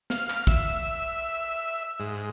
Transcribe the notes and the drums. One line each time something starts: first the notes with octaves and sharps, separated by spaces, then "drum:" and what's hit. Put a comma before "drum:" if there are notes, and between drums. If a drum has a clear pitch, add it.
F5, drum: snare
drum: clap
E5, drum: kick
G#2